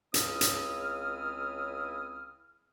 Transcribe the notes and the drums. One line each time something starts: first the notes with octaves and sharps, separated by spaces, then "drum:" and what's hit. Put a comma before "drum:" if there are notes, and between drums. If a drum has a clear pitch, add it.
C#2 C#3 C4 E4 D#6 F6, drum: hi-hat
drum: hi-hat